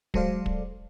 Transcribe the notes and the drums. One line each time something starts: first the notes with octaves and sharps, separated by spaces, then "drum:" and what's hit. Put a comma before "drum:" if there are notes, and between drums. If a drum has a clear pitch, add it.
F#3 G#3 A4 C5 D5 F5, drum: kick
drum: kick